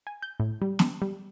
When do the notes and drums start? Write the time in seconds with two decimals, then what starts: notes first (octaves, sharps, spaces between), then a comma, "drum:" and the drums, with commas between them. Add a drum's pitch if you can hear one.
0.07 G#5
0.22 G6
0.40 A2
0.62 G3
0.79 drum: snare
1.02 G3